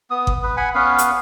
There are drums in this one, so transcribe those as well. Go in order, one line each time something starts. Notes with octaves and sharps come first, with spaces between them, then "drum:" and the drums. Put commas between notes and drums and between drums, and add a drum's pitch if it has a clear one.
B3 D#6
drum: kick G1
B4
F#5 G#5 B5
B3 C#4 B4 F5
drum: hi-hat